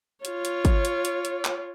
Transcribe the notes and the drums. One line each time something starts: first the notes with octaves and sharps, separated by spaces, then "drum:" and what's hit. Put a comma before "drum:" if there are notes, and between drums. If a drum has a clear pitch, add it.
F4 C#5, drum: hi-hat
drum: hi-hat
drum: kick, hi-hat
drum: hi-hat
drum: hi-hat
drum: hi-hat
drum: clap